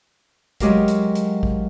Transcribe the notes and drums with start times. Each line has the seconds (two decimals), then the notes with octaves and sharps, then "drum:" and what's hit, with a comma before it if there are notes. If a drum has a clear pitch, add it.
0.60 F#3 G#3 G4 A#4 F5, drum: kick A1, hi-hat
0.88 drum: hi-hat
1.15 drum: hi-hat
1.43 drum: kick A1